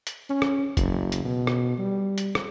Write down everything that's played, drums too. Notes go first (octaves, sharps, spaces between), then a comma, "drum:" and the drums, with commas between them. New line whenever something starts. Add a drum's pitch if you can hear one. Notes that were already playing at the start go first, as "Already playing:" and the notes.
drum: hi-hat
C#4
drum: rim click
F#1, drum: kick, hi-hat
drum: hi-hat
B2
drum: rim click
G3
drum: hi-hat
drum: rim click